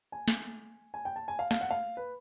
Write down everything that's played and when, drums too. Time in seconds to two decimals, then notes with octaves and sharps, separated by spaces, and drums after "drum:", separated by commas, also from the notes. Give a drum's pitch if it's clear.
0.12 G#5
0.28 drum: snare
0.94 G#5
1.05 G5
1.16 A5
1.28 G#5
1.39 F5
1.51 F5, drum: snare
1.61 F#5
1.71 F5
1.97 B4